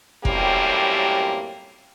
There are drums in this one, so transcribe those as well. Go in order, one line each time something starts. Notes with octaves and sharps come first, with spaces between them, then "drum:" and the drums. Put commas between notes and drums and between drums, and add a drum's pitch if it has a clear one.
F#2 A2 G3 A#3 C4 G4, drum: kick